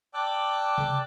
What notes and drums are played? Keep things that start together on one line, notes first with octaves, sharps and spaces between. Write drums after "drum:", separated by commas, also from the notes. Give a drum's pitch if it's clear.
D5 G5 A5 D6 E6 F#6
drum: tom C3